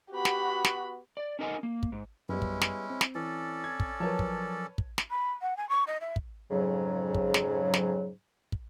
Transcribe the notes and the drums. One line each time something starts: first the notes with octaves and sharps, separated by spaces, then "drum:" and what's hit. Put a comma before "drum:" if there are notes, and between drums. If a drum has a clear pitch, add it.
B3 F#4 G4 B5
drum: snare
drum: snare
D5
C#4 D#4 A#4 D#5 F#5 G#5
A#3
drum: kick
G#2
F#2 G3 G#3 B3 C#4 E4
drum: kick
drum: snare
C4
drum: snare
E3 C#4 A4 D5
G#6
drum: kick
F3 F#3 A#4 B4 C#5 A5
drum: kick
drum: kick
drum: snare
B5
F#5
G#5
C#6
D#5
E5
drum: kick
F2 G#2 C#3 F#3
drum: kick
drum: snare
drum: snare
drum: kick